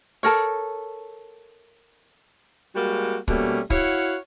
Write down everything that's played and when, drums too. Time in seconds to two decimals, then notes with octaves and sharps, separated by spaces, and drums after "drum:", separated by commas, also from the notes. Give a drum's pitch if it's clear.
0.23 A4 A#4 C#5, drum: open hi-hat
2.75 G3 G#3 A#3 F#4
3.28 B2 G3 A3 A#3 C#4, drum: kick
3.70 E4 F#4 C#5 F5 F#5, drum: kick